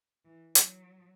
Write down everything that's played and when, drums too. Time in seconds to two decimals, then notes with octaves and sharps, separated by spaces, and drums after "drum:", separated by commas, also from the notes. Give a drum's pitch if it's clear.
0.24 E3
0.55 F#3, drum: hi-hat